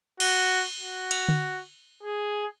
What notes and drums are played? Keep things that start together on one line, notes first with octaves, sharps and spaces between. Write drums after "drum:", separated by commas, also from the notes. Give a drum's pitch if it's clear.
F#4, drum: cymbal
F#4
drum: cymbal
drum: tom D3
G#4